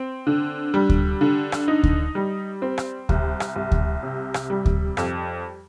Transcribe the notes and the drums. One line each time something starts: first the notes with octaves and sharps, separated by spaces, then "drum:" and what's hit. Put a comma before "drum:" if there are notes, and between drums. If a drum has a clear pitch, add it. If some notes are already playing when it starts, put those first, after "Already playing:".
Already playing: C4
D3
G3
drum: kick D2
D3
drum: rim click
D#4
drum: kick D2
G3
C4
drum: rim click
C2, drum: kick D2
drum: rim click
C2
drum: kick D2
C3
drum: rim click
G3
drum: kick D2
F2, drum: rim click